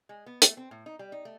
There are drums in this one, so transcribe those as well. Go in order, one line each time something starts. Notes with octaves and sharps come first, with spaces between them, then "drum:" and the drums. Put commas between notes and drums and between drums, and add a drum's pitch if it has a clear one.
G#3
B3
A3, drum: hi-hat
C4
A2
D#4
G3
D#4
A3